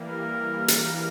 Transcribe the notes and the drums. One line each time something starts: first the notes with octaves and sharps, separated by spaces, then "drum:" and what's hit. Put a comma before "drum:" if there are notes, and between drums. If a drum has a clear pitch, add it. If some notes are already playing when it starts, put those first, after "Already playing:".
Already playing: E3 G3 A#3
A#4
drum: hi-hat